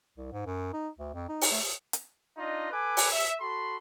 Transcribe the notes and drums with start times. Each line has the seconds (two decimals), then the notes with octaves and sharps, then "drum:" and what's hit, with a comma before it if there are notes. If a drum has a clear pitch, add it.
0.17 C2
0.32 G#2
0.46 F#2
0.73 D#4
0.98 D2
1.14 F2
1.29 D#4
1.41 drum: open hi-hat
1.51 A3
1.93 drum: hi-hat
2.36 D4 D#4 F4 D#5
2.71 A4 B4 G#5 D6
2.97 drum: open hi-hat
3.10 E5
3.40 F#4 A4 B5 C6